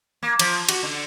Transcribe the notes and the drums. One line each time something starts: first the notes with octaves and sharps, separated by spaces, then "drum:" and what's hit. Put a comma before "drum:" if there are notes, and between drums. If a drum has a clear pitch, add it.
A#3
F3, drum: cymbal
F#4, drum: cymbal
D3